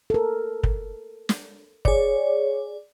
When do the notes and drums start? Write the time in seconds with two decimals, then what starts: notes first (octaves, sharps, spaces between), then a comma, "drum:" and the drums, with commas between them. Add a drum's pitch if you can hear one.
0.10 A4 A#4
0.63 drum: kick
1.29 drum: snare
1.85 G#4 C#5 D5, drum: kick